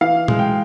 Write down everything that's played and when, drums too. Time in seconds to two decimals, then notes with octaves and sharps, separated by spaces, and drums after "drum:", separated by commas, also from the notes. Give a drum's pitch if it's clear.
0.01 E3 F5
0.28 G#3, drum: tom A#2
0.39 G5